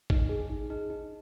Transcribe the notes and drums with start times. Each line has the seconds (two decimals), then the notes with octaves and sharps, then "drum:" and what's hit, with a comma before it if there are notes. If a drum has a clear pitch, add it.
0.10 D#4, drum: kick
0.29 G#4
0.50 D#4
0.70 D#4
0.90 D#4